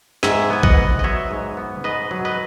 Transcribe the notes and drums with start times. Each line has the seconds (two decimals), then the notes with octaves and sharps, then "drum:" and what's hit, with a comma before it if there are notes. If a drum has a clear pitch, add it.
0.23 G#2 E5 G#5, drum: snare
0.50 B3 G#5
0.63 D#5 F#5, drum: kick A1
0.77 B3
0.99 D#5
1.04 F#3 C#5 E5
1.31 G#2
1.57 B3
1.84 G#2 B4 D#5
2.11 F#3
2.25 B4 D#5